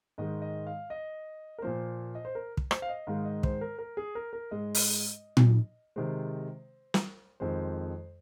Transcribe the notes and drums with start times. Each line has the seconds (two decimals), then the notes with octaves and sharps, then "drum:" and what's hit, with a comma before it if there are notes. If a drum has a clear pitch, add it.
0.18 G#2 D#3 G#3 D#5
0.42 D#5
0.67 F5
0.90 D#5
1.58 A#4
1.62 A#2 F3 A#3 C5
2.15 D#5
2.25 C5
2.35 A#4
2.57 drum: kick
2.71 C5, drum: rim click
2.82 F5
2.89 D#5
3.07 G#2 D#3 G#3 F5
3.25 D#5
3.43 C5, drum: kick
3.61 A#4
3.79 A#4
3.97 G#4
4.15 A#4
4.33 A#4
4.51 G#2 G#3 D#5
4.75 drum: open hi-hat
5.37 drum: tom A#2
5.96 C3 D#3 G#3 C5
6.94 drum: snare
7.40 F2 D#3 G#3 C5